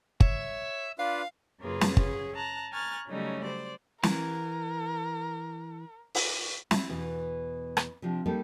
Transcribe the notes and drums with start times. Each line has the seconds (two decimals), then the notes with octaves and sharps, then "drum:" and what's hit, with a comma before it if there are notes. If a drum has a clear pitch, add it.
0.20 C#5 E5, drum: kick G1
0.99 D4 F4 B4 F5
1.59 F#2 C#3 A#3 F4 G#4 B4
1.81 drum: snare
1.97 C#4 G#4, drum: kick G1
2.35 A5 A#5 F#6
2.72 G#5 A#5 C#6 F6 F#6 A6
3.07 C#3 F#3 G3 A3 C#4 D#4
3.43 C5 D5
4.03 E3 A#4, drum: snare
6.15 drum: open hi-hat
6.71 E4, drum: snare
6.89 E2 B2 E3
7.77 drum: rim click
8.02 C3 F3 D4
8.26 G3 A#3 D#4 A4